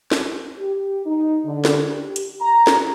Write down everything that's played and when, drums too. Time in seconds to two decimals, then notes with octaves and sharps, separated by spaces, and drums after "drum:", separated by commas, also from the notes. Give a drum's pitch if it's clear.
0.12 drum: snare
0.58 G4
1.06 D#4
1.45 D3
1.65 drum: snare
1.92 G4
2.16 drum: hi-hat
2.41 A#5
2.67 drum: snare